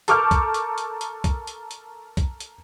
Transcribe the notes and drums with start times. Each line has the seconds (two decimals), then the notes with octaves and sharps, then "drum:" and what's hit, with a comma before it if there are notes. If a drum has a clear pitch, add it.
0.08 A4 A#4 C#6 D6 F6 G6, drum: hi-hat
0.31 drum: kick B1, hi-hat
0.54 drum: hi-hat
0.78 drum: hi-hat
1.01 drum: hi-hat
1.24 drum: kick B1, hi-hat
1.47 drum: hi-hat
1.71 drum: hi-hat
2.17 drum: kick B1, hi-hat
2.40 drum: hi-hat